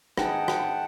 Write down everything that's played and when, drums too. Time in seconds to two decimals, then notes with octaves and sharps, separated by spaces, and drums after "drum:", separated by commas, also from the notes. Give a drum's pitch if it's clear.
0.18 D#4 G#4 B4 F#5 G5 A5, drum: rim click
0.48 drum: rim click